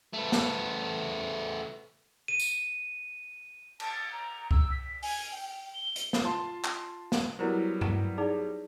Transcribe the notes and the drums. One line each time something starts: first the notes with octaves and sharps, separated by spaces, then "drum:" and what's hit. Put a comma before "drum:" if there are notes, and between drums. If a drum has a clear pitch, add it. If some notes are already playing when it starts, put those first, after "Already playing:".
A3 B3
drum: snare
D#7
drum: tambourine
A5, drum: cymbal
A6
A#5
E6, drum: kick C2
B6
G#5, drum: open hi-hat
G5
G5
G7
drum: hi-hat
drum: snare
F4 A5 C6
drum: clap
drum: snare
F#3 G3 B3 E4 A#4 C5
drum: tom G2
D#4 G#4 D5